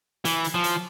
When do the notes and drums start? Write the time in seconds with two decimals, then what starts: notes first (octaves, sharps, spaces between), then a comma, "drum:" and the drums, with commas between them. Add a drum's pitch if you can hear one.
0.25 E3, drum: hi-hat
0.44 drum: hi-hat
0.54 F3
0.64 drum: hi-hat